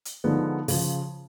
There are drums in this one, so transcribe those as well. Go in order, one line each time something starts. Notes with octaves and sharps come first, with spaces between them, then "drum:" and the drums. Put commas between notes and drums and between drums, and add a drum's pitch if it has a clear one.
drum: hi-hat
D3 F3 G#3 B3 D#4
C#3 F3, drum: open hi-hat